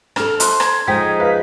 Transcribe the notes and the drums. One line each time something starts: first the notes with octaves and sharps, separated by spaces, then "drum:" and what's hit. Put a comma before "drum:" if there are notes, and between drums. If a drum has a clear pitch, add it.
D4 A4 F6, drum: rim click
C5 F#6, drum: hi-hat
G#6, drum: rim click
F3 G#3 D#4 G#4 G5 B6
B4 F5 B6